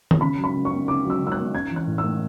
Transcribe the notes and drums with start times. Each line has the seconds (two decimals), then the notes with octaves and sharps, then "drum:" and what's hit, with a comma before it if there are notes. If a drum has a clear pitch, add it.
0.11 drum: tom D#3
0.21 C#3 B5
0.38 F#3
0.44 B5
0.54 C#3
0.65 C#6
0.71 B3
0.88 C#3 D6
1.05 F#3
1.10 E6
1.20 C#3
1.27 E6
1.32 F#6
1.38 B3
1.53 C#4 G#6
1.71 E3
1.76 F#6
1.87 A2
1.98 E6
2.04 A3